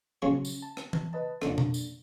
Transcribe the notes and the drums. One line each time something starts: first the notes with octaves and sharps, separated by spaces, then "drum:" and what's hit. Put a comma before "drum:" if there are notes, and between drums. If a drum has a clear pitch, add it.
A#1 C#3 F#3 C#4 C#5
drum: tambourine
A5
drum: rim click
drum: tom E3
B4 D#5 A5
F2 D3 A#3 D4 A4, drum: rim click
drum: tom B2
drum: tambourine